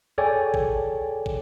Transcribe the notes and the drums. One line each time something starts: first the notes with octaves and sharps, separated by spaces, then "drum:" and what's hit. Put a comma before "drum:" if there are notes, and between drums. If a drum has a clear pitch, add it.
G#4 A4 C#5 D5 G5 G#5
drum: kick
drum: kick